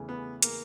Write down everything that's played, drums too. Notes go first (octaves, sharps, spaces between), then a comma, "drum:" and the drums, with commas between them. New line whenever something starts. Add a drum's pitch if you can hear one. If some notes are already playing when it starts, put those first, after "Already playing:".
Already playing: E2 C#3 E3 A3
B3
A#3, drum: hi-hat